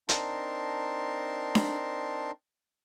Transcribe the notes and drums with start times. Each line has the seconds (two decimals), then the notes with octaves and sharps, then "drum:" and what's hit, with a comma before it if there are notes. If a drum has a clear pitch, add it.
0.09 C4 D4 D#4 A#4 A5 C6, drum: hi-hat
1.55 drum: snare D4